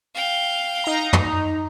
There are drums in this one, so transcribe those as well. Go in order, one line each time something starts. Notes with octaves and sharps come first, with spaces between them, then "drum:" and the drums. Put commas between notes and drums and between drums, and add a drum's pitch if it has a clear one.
F5 G5
D#4 A#5
drum: tom